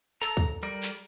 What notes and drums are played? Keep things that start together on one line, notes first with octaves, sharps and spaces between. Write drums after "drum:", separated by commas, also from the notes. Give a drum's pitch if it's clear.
A4 A#5, drum: clap
drum: kick, hi-hat
G3 A#4 D5
drum: clap